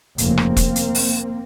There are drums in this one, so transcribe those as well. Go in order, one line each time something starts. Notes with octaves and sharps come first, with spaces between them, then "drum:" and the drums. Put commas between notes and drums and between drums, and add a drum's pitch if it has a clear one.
F1 D#2 C#3 A#3 C4, drum: hi-hat
drum: rim click
drum: kick E1, hi-hat
drum: hi-hat
drum: open hi-hat